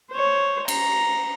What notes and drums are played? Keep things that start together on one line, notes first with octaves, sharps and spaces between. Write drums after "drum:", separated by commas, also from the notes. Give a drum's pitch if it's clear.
C5 C#5
A#5, drum: cymbal